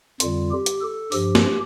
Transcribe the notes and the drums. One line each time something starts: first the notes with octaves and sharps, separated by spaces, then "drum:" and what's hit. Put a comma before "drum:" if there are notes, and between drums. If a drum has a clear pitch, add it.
F2 D3 G3 F4, drum: hi-hat
G4
drum: hi-hat
A4
G2 F3 G4, drum: open hi-hat
drum: snare